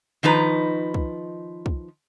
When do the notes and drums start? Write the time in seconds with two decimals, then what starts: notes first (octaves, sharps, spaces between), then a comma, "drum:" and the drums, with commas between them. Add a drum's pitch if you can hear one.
0.23 D#3 F3 D#4 B4
0.94 drum: kick
1.66 drum: kick